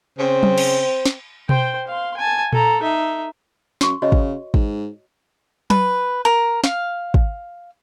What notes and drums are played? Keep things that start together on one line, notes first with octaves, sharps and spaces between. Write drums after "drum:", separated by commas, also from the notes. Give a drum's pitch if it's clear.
C#3 C4 C5
drum: tom F#3
drum: cymbal
drum: snare
C5 G5, drum: tom B2
F5 C6
G#5 A5
A4 A#5, drum: tom A#2
D#4 E5
F#2 C6 C#6, drum: snare
C#3 F#4 C#5 D#5
drum: kick G#1
G#2, drum: kick G#1
B4, drum: tom F#3
A#4
F5, drum: snare
drum: kick G#1